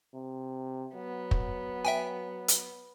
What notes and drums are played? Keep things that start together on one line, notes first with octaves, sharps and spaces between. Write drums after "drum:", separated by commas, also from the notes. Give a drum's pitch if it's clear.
C3
F#3 B3
drum: kick
E5 G5 G#5
drum: hi-hat